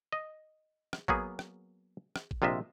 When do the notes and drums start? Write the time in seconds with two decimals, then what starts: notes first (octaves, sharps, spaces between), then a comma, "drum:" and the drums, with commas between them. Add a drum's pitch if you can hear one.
0.12 D#5
0.93 drum: rim click
1.08 F#3 A#3 B3 G#4, drum: kick G#1
1.39 drum: rim click
2.16 drum: rim click
2.31 drum: kick G#1
2.42 A#1 C3 F4 D#5 E5